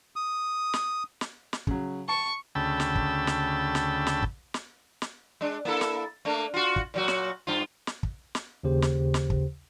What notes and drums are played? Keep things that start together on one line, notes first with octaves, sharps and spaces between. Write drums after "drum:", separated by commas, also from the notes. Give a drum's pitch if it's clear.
D#6
drum: snare
drum: snare
drum: snare
C#3 F#3, drum: kick
A5 C#6
D2 C#3 G5 A5 B5 E6
drum: snare
drum: kick
drum: snare
drum: snare
drum: snare
drum: kick
drum: snare
drum: snare
G#3 D4
A#3 E4 A4
drum: snare
A3 A#3 D4
F4 F#4
drum: kick
A#2 F#3 F#4
drum: snare
G2 F4
drum: snare
drum: kick
drum: snare
D#2 C#3 G4 C5
drum: snare
drum: snare
drum: kick